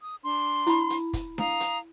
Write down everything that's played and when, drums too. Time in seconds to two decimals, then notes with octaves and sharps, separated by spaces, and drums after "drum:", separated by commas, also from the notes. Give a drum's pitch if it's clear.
0.01 D#6
0.24 D4 C6
0.67 E4 B5, drum: hi-hat
0.90 drum: hi-hat
1.13 drum: kick, hi-hat
1.38 F5 A#5 D#6, drum: snare D4
1.60 drum: hi-hat